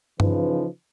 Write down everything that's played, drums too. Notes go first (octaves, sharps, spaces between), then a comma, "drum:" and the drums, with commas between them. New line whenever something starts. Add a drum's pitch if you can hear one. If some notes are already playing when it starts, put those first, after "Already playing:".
C#3 E3 F3 D#4 B4, drum: tom G2